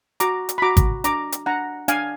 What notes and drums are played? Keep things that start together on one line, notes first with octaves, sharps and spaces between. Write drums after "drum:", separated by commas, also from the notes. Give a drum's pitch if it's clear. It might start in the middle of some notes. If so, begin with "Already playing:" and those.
F#4 A#5 D6, drum: hi-hat
drum: hi-hat
B5
F#4 A#5 D6
drum: kick, hi-hat
D4 A#5 D6, drum: hi-hat
drum: hi-hat
D4 F#5 A#5
D4 F5 G#5, drum: hi-hat